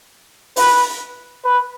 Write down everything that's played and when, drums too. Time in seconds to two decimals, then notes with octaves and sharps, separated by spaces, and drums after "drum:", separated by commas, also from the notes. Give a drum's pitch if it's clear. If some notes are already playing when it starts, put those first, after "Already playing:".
0.56 B4, drum: open hi-hat
1.45 B4